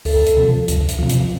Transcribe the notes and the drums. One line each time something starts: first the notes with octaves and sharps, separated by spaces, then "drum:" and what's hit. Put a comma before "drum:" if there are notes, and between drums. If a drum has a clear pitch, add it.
D2 A4, drum: open hi-hat
drum: hi-hat
C3
F3
D2, drum: hi-hat
drum: hi-hat
C3 F3
drum: hi-hat